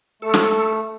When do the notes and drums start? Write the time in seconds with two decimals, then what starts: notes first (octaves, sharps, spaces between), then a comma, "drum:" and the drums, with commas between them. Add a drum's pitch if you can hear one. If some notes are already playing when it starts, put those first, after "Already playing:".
0.22 A3 A4
0.34 drum: snare